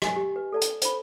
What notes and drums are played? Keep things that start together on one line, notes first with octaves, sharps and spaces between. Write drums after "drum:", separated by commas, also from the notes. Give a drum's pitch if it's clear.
D#5 G#5, drum: rim click
G4
B4
A4 D5 A5
drum: hi-hat
C5 B5, drum: hi-hat